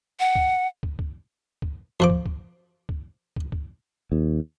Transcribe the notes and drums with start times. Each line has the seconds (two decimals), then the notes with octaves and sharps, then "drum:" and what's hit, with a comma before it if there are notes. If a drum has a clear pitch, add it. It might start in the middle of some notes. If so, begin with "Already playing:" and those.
0.20 F#5
0.36 drum: kick
0.83 drum: kick
0.99 drum: kick
1.62 drum: kick
2.00 F2 F3 D6
2.10 drum: kick
2.26 drum: kick
2.89 drum: kick
3.36 drum: kick
3.52 drum: kick
4.12 D#2